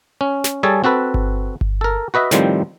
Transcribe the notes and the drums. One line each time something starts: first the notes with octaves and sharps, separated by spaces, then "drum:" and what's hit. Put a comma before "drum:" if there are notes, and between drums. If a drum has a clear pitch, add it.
C#4
drum: snare
G3 G#4 A4 C#5 G#5 A5
C4 F#4 A4 B4
drum: kick G1
drum: kick G1
A4 A#4
F#4 B4 D#5 E5
A2 D#3 F3 G3 C4 C5, drum: snare